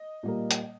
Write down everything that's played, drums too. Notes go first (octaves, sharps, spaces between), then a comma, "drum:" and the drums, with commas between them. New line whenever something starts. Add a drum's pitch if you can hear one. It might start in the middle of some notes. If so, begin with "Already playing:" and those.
Already playing: D#5
A#2 G3 A#3
drum: hi-hat